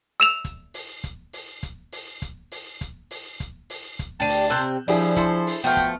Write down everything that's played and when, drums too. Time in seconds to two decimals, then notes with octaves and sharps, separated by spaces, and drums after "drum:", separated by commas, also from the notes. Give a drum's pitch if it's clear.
0.20 E6 E7 F7
0.45 drum: kick, hi-hat
0.74 drum: open hi-hat
1.04 drum: kick, hi-hat
1.33 drum: open hi-hat
1.63 drum: kick, hi-hat
1.92 drum: open hi-hat
2.22 drum: kick, hi-hat
2.51 drum: open hi-hat
2.81 drum: kick, hi-hat
3.11 drum: open hi-hat
3.40 drum: kick, hi-hat
3.70 drum: open hi-hat
3.99 drum: kick, hi-hat
4.20 D2 D4 G4 A5 D#7
4.29 drum: open hi-hat
4.50 C3 C4 E6 F#6 G6
4.88 F3 G3 D4 E4 G#4 E5, drum: open hi-hat
5.16 E4 A4 C5, drum: kick, hi-hat
5.47 drum: open hi-hat
5.64 F3 A3 B3 F#4 G5 F6
5.77 drum: kick, hi-hat